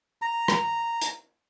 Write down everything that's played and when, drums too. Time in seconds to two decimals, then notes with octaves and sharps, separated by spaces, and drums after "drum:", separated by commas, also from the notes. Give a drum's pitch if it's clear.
0.22 A#5
0.48 drum: rim click
1.01 drum: hi-hat